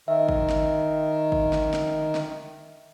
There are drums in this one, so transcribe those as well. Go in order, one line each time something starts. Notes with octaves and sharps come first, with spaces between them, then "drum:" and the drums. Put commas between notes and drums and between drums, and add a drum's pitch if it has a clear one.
D#3 E5
drum: kick
drum: snare
drum: kick
drum: snare
drum: snare
drum: snare